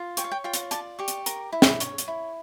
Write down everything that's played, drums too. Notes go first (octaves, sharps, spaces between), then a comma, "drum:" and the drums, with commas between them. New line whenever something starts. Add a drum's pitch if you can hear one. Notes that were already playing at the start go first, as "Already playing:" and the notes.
Already playing: F4
C#5 G5, drum: hi-hat
F5
G5
F4 G5
drum: hi-hat
D5 A5, drum: hi-hat
G4 C#6
drum: hi-hat
A#4, drum: hi-hat
E4
drum: snare
C#5, drum: hi-hat
drum: hi-hat
E4